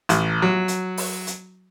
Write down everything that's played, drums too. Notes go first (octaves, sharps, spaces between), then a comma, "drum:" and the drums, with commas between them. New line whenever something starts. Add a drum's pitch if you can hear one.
A1, drum: hi-hat
F#3
drum: hi-hat
drum: open hi-hat
drum: hi-hat